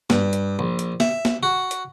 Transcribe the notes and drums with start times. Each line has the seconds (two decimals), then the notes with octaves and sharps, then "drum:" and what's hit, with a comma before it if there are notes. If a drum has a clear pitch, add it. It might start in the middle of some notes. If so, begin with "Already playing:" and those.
0.10 G2, drum: snare
0.33 drum: hi-hat
0.59 A#1
0.79 drum: hi-hat
1.00 E5, drum: snare
1.25 drum: snare
1.43 F#4
1.71 drum: hi-hat